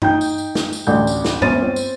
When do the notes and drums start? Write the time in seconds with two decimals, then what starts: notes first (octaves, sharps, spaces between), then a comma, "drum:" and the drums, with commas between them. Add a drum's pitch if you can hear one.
0.02 D#4 G5 G6, drum: tom G2
0.21 drum: tambourine
0.38 drum: tambourine
0.55 drum: snare
0.73 drum: tambourine
0.87 A1 D2 D3 G6
1.07 drum: tambourine
1.25 drum: snare
1.42 G1 C#4 C5 A6 D#7, drum: tom G2
1.62 C4
1.76 drum: tambourine